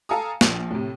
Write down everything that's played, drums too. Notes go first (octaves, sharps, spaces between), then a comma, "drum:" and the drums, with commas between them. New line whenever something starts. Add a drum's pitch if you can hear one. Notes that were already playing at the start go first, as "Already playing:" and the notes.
A4 F5 G#5 A#5 D#6
A#1 F3, drum: snare
A2 C3